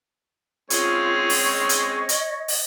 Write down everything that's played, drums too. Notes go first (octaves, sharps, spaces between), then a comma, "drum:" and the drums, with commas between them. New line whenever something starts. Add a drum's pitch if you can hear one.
G#3 C4 C#4 F4 C#5, drum: hi-hat
drum: open hi-hat
D#5
drum: hi-hat
drum: hi-hat
drum: open hi-hat